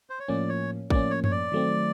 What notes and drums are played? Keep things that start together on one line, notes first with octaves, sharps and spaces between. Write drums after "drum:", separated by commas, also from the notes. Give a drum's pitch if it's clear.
C5
C#5
A2 F3 A#3 C#4 D5
C#5
A2 F3 A#3 C#4 D5, drum: kick
C#5
C#5, drum: tom F#2
D5
D#3 F#3 A3 C4